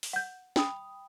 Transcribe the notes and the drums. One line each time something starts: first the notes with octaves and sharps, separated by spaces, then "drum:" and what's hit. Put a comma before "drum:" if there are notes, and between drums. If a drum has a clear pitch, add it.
drum: open hi-hat
F#5 G6
G5 B5 D#6, drum: snare